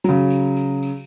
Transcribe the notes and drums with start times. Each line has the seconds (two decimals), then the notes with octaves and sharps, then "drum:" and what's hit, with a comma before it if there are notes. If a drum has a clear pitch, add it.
0.04 C#3 F#3, drum: tambourine
0.30 drum: tambourine
0.57 drum: tambourine
0.83 drum: tambourine